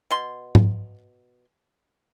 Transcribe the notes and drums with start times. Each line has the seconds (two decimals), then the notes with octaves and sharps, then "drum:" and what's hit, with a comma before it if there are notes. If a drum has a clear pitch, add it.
0.11 B2 C6
0.55 drum: tom G#2